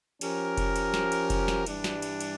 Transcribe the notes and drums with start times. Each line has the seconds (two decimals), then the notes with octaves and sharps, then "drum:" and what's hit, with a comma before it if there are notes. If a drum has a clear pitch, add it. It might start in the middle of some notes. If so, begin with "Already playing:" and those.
0.21 F3 C#4 G4 A#4, drum: cymbal
0.57 drum: kick F1, cymbal
0.76 drum: cymbal
0.94 drum: snare
1.12 drum: cymbal
1.30 drum: kick F1, cymbal
1.48 drum: snare
1.66 G2 E3 G3 D4, drum: cymbal
1.84 drum: snare
2.02 drum: cymbal
2.21 drum: cymbal